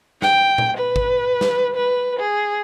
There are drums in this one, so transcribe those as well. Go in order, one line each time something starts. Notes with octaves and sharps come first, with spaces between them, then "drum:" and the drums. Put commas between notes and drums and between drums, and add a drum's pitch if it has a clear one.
G5, drum: snare
drum: tom A#2
B4
drum: kick
drum: snare
B4
G#4